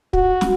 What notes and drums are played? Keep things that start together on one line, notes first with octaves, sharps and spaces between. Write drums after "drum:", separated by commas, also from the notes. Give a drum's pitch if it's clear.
F#4, drum: kick
drum: snare